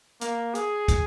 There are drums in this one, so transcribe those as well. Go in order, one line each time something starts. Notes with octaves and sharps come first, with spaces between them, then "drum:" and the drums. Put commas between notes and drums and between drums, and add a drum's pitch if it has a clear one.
A#3, drum: hi-hat
G#4, drum: hi-hat
drum: kick, hi-hat